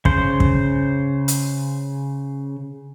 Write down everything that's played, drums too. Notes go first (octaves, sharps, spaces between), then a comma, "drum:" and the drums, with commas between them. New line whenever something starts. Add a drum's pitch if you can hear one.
C#3 C5, drum: kick
drum: kick
drum: hi-hat